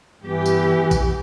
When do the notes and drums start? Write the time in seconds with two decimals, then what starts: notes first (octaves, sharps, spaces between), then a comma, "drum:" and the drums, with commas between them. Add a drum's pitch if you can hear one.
0.23 G2 E3 B3 G4
0.46 drum: tambourine
0.91 drum: kick A#1, tambourine